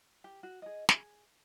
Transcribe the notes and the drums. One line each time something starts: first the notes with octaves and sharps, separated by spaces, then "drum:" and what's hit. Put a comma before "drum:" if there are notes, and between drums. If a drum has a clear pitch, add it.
G4
F#4
G#4 D#5
G#4, drum: snare